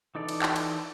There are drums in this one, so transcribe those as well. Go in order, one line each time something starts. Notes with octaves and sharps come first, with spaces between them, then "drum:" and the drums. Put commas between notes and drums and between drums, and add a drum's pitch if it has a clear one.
E3 D#4 A4 D5
drum: cymbal
drum: clap
drum: cymbal